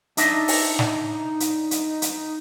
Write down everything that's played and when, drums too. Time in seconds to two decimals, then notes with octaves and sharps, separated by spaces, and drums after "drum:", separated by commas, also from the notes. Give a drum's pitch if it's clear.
0.17 D4 D#4 D#5 E5, drum: hi-hat
0.48 drum: open hi-hat
0.79 drum: snare
1.40 drum: hi-hat
1.71 drum: hi-hat
2.02 drum: hi-hat